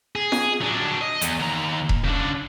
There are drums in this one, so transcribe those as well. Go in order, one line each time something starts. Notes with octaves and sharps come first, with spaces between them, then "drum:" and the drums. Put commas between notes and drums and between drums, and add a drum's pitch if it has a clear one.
G#4
drum: snare
F#3 D4
D#5
E2, drum: hi-hat
D#2 A#5
drum: kick E1
C#3 D4